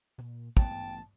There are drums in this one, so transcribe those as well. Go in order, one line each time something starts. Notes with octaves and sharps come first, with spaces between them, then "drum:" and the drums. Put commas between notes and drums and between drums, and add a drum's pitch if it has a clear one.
A#2
A1 B3 G5 A5, drum: kick